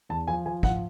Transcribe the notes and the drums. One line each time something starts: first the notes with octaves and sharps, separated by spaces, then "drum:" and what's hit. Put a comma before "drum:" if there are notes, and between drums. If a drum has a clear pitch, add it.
E2 A5
F3 G#5
F3 G#5
F3 F#5, drum: kick